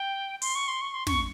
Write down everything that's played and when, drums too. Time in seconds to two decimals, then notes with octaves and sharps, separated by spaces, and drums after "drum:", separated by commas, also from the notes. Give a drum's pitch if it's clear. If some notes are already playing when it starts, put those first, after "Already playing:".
Already playing: G5
0.42 C6, drum: open hi-hat
0.55 C#6
0.68 C6
0.81 C#6
0.94 C6
1.07 C#6, drum: snare